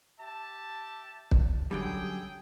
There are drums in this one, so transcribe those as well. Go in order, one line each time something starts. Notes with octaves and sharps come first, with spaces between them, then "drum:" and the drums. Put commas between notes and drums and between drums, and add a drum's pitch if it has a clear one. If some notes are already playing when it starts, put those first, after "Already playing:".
G4 E5 A5
drum: kick
F#2 D3 G3 G#4 A4 G5